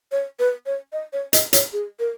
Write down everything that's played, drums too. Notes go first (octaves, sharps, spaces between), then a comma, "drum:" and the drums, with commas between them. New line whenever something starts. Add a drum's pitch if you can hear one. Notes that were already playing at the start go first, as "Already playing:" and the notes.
C#5
B4
C#5
D#5
C#5
D#5, drum: hi-hat
C#5, drum: hi-hat
G#4
A#4